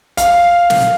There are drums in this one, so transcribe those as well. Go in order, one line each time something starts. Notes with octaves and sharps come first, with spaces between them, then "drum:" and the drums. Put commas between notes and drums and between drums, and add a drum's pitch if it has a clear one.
F5, drum: hi-hat
drum: snare